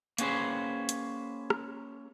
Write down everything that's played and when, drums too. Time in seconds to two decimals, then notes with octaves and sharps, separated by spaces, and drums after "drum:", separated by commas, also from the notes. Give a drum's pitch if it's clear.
0.18 A#3 B3 C#4 G#4 B4 C5, drum: hi-hat
0.89 drum: hi-hat
1.50 drum: rim click